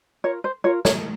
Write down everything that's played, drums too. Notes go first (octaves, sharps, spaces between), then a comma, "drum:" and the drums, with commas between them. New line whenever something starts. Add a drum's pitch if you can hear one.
F4 A#4 C#5
C5
F4 A#4 C#5
C#5, drum: snare